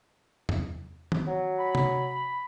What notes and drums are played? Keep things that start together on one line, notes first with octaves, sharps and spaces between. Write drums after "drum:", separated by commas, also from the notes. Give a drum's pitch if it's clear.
drum: tom E2
drum: tom D#3
F#3
B5
drum: tom C3